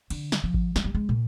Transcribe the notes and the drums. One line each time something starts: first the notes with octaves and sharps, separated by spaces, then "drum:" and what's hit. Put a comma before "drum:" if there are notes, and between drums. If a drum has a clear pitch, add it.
D3, drum: cymbal
drum: snare
F3
drum: kick G#1
G#3, drum: snare
G3
G#3
A#2